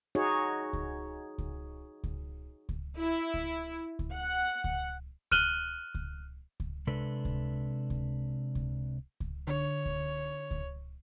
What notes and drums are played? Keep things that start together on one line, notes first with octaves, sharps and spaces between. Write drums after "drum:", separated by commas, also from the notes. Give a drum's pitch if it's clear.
D#4 F#4 G#4 C#5
drum: kick C#2
drum: kick C#2
drum: kick C#2
drum: kick C#2
E4
drum: kick C#2
drum: kick C#2
F#5
drum: kick C#2
F6 F#6 D#7 E7 F#7 G7, drum: kick C#2
drum: kick C#2
drum: kick C#2
C3 G#3 D4 A4 B4
drum: kick C#2
drum: kick C#2
drum: kick C#2
drum: kick C#2
D3 C#5
drum: kick C#2
drum: kick C#2